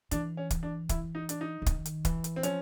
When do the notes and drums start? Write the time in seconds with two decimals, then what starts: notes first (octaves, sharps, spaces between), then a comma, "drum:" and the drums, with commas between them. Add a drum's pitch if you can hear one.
0.11 E3 D4, drum: hi-hat
0.37 C#4
0.50 drum: kick, hi-hat
0.63 D4
0.89 E4, drum: kick, hi-hat
1.15 D#4
1.29 D4, drum: hi-hat
1.41 D#4
1.62 D3
1.66 D#3, drum: kick, hi-hat
1.85 drum: hi-hat
2.05 E3, drum: kick, hi-hat
2.24 drum: hi-hat
2.36 C4
2.43 F3 C#4, drum: hi-hat